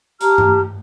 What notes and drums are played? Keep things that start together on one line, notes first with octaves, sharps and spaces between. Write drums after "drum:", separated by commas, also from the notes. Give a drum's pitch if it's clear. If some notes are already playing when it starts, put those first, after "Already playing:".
G4 A5 A#5 F6, drum: hi-hat
drum: tom G2